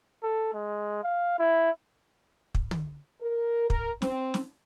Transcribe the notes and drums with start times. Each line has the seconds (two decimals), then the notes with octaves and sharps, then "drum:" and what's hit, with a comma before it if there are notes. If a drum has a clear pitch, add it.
0.23 A4
0.53 G#3
1.04 F5
1.39 E4
2.55 drum: kick
2.71 drum: tom
3.21 A#4
3.70 A#4, drum: kick
4.02 C4, drum: snare
4.34 drum: snare